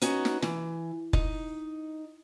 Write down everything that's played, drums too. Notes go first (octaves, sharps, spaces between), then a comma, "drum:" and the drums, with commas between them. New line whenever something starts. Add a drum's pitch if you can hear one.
B3 C#4 D#4 F#4, drum: hi-hat
drum: snare
E3, drum: snare
D#4, drum: kick F1